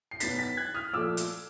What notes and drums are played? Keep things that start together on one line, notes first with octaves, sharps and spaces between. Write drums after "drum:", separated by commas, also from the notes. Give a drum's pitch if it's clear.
C7
B2 F#3 B3 D#4 A6 B6, drum: hi-hat
A6 B6
F#6 G#6
D#6 F6
A#2 F3 A3 D6 E6
drum: hi-hat